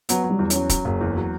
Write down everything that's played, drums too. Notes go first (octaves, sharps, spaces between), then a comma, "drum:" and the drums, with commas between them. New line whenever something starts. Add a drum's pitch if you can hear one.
F#3 B3, drum: hi-hat
F#3
G3
E2
C#4, drum: hi-hat
F#3
F#3, drum: kick, hi-hat
F#1
E2
F#3